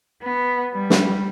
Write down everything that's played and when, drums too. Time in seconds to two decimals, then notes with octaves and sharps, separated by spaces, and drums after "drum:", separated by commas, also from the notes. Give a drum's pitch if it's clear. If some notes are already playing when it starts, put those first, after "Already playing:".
0.22 B3
0.73 G3
0.90 drum: snare